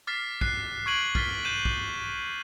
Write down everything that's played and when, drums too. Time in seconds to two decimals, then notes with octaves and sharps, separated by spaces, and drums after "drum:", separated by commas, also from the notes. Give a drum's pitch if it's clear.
0.07 D6 F6 A6 B6 C7
0.41 F#6 C7, drum: kick A#1
0.86 C#6 F6 G#6 D7 D#7 F#7
1.15 F6 A6 B6 G7, drum: kick A#1
1.45 G6 D#7 E7
1.65 drum: kick A#1